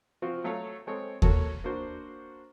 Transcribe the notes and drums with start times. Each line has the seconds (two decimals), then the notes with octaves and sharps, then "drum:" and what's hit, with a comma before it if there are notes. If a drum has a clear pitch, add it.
0.22 F3 C4 F4 F#4
0.44 F#3 A3 A4 C#5 F5
0.87 G#3 C4 A4 C#5
1.22 A#3 F#4 A4 C#5, drum: kick D#2
1.64 A#3 D4 F#4 C5